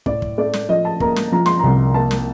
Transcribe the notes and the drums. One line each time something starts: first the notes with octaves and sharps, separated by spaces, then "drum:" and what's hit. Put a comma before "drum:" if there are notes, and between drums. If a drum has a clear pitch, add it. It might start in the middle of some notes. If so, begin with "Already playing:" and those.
A2 D5, drum: kick
drum: kick
A3 D5
drum: snare
F3 D#5
A5
A#3 A#5, drum: kick
drum: snare
F3 A#5
C6, drum: snare
C2 A#5
A#3 A5
drum: snare